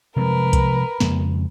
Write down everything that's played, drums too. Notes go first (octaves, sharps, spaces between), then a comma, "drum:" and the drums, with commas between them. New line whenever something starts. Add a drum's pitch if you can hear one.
C3 F3 G#3 A#4 B4
drum: kick C2, hi-hat
F2 C#3 G#3, drum: snare